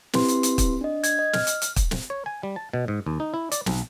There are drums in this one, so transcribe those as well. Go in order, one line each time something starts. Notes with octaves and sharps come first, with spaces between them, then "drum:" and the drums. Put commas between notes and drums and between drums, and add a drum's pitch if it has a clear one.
C4 E4 G4 B4 C6, drum: snare
drum: hi-hat
drum: hi-hat
drum: kick, hi-hat
D4 D#5
G#6, drum: hi-hat
D#5
F6, drum: snare
drum: hi-hat
drum: hi-hat
drum: kick, hi-hat
drum: snare
C#5
G#5
G3
A5
B2
G#2
D#2
D#4
E4
D5, drum: hi-hat
B1, drum: snare